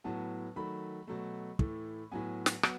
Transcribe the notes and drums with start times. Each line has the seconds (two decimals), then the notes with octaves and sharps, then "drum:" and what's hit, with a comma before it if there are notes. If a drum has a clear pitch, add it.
0.04 A2 F#3 B3 A5
0.56 D#3 F#3 A3 B5
1.07 B2 F#3 A3
1.59 A2 E3 A3, drum: kick
2.12 A2 F#3 B3 G#5
2.46 drum: snare
2.63 F#3 B3, drum: rim click